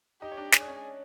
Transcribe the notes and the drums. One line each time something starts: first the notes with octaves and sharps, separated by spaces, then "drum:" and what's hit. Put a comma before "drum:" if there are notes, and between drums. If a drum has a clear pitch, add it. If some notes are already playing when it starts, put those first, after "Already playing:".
D#4 G4 D#5
C#5
D4 D5
G#4 C#5, drum: snare
D5
C#4 C#5